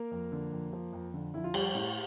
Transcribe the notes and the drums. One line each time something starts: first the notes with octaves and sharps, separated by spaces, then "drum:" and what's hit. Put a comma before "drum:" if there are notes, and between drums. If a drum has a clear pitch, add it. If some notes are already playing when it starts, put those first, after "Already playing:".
Already playing: A#3 A#4
F2
D3
F2
F3
F2
D3
F2 E4
F4
G3 G4, drum: cymbal
A2